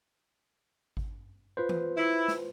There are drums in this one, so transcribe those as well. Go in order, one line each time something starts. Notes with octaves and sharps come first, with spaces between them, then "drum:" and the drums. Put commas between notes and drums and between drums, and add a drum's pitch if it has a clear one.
drum: kick G#1
F4 B4 C5
drum: tom E3
E4
drum: snare